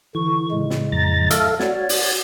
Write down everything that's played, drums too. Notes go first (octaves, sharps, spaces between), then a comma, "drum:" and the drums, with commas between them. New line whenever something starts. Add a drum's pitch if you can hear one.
D3 E3 C#6
A2 C#3 G#3
drum: snare
F2 A#5 A6
A4 E5 F5, drum: hi-hat
F#4 C#5 D5, drum: snare
drum: open hi-hat